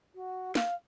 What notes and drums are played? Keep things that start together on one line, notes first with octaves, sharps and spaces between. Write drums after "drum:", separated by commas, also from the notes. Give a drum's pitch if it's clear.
F#4
F5, drum: snare